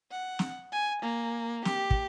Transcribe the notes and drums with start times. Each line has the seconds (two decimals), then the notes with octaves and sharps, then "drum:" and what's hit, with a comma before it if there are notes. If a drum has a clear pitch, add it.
0.11 F#5
0.39 drum: snare
0.72 G#5
1.02 A#3
1.65 G4, drum: snare
1.91 drum: kick